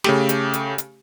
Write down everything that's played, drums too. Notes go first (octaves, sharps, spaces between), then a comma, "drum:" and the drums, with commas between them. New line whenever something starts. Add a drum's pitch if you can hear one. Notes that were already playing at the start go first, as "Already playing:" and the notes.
C#3 A3 G4, drum: snare
drum: hi-hat
drum: hi-hat
drum: hi-hat